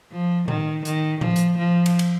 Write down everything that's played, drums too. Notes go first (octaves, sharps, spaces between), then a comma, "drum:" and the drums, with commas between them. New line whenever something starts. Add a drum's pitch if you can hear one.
F3
D#3, drum: tom A2
D#3, drum: hi-hat
F3, drum: tom A2
drum: hi-hat
F3
drum: cymbal
drum: cymbal